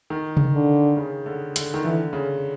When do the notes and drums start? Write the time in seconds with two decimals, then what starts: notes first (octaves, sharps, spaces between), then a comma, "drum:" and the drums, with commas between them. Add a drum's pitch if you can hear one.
0.10 D#3
0.37 drum: tom C3
0.54 D3
0.97 C#3
1.26 D3
1.56 D3, drum: hi-hat
1.74 D#3
1.84 D3 E3
2.13 C#3